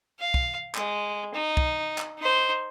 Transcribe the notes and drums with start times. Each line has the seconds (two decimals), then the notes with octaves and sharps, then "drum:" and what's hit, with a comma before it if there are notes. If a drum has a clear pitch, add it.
0.19 F5
0.34 drum: kick C2
0.75 G#3, drum: clap
1.34 D#4
1.57 drum: kick C2
1.98 drum: clap
2.18 D#4 C5